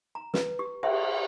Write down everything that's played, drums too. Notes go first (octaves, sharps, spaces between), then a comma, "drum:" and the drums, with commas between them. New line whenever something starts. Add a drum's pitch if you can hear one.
A#5
B4, drum: snare
G4
E5, drum: cymbal
C5